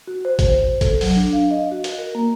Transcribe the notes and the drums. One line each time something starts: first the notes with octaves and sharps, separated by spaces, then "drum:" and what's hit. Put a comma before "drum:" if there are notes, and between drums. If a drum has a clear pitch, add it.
F#4
C5
drum: kick G#1, hi-hat
C5
A4, drum: kick G#1, hi-hat
F#3, drum: open hi-hat
D4
F5
D#5
F#4
drum: hi-hat
A#4
A#3